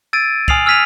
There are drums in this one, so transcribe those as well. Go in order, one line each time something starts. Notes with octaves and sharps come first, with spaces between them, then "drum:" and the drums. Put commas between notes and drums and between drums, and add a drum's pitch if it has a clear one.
E6 G#6 A6 D7 D#7
G#5 D#6 F6 C7 F7 F#7, drum: kick
E6 F6 G#6 B6 D#7 F7